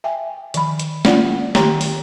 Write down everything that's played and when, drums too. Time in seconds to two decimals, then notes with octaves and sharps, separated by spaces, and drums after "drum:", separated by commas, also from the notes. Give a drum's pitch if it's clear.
0.04 E5 G5 G#5
0.54 D#3 F3 B5, drum: hi-hat
0.79 drum: hi-hat
1.05 G#3 A#3 C#4 F4 D5 F#5, drum: snare
1.55 D#3 G4 C#5 G5 A#5 C6, drum: snare
1.81 drum: open hi-hat